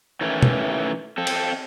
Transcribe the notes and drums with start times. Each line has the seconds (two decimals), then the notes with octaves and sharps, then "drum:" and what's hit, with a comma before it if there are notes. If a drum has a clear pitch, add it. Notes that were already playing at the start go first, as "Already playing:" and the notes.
0.21 D#3 E3 A3 C#4
0.43 drum: tom B2
1.18 C4 A4
1.27 drum: cymbal